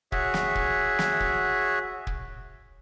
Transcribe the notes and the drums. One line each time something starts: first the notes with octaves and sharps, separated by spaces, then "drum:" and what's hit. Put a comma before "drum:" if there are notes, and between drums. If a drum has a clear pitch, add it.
F#4 G#4 C#5 E5, drum: kick
drum: snare
drum: kick
drum: snare
drum: kick
drum: kick